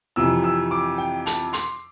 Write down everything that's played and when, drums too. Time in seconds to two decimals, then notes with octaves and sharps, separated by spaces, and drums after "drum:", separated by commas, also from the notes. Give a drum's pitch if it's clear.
0.16 F2 C3 E3 E6
0.44 E6
0.71 D6
0.98 G5
1.26 A5, drum: hi-hat
1.53 C6, drum: hi-hat